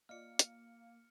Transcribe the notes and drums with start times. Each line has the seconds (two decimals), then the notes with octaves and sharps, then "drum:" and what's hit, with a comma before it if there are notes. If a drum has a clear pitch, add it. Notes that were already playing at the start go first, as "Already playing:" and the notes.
0.09 A#3 F4 D5 D#5 F6 C#7
0.39 drum: hi-hat